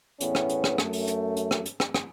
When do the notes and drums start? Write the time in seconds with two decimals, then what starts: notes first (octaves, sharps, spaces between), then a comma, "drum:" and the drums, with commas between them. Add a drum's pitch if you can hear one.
0.20 E2 A2 B3 C#4, drum: hi-hat
0.35 drum: rim click
0.49 drum: hi-hat
0.64 drum: rim click
0.78 F#2 A3, drum: rim click
0.93 drum: open hi-hat
1.07 drum: hi-hat
1.36 drum: hi-hat
1.51 drum: rim click
1.65 drum: hi-hat
1.80 drum: rim click
1.94 drum: rim click